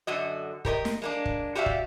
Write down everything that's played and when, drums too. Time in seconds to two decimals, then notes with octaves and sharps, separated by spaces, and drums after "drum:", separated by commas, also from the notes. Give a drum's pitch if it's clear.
0.07 F#2 D3 F#4 D#5
0.65 G4 A#4 C#5 D#5, drum: kick
0.85 drum: snare
1.02 G#3 A#3 D4
1.25 drum: kick
1.55 F#4 G4 D5 E5 F5
1.66 drum: kick